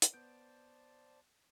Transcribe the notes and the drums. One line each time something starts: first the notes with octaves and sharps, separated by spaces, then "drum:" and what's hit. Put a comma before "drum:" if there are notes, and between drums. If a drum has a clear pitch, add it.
drum: hi-hat
B3 C5 D5 A5 G6 D7